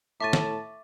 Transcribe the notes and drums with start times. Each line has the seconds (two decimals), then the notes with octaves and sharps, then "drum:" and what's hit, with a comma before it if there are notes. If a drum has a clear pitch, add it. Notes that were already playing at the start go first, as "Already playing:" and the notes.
0.20 A2 E5 A5 C#6 D6 A6 D#7
0.33 drum: snare